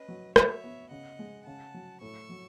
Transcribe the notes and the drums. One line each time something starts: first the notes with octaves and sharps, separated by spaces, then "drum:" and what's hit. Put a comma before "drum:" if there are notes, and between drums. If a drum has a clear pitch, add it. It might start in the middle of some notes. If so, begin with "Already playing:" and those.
Already playing: C#4 B4 D#5
F#3
F#4 C#5 E5, drum: rim click
B3
C#3 D#5 F#5
G#3
C#3 F#5 A5
F#3
A2 C#6 E6
F#3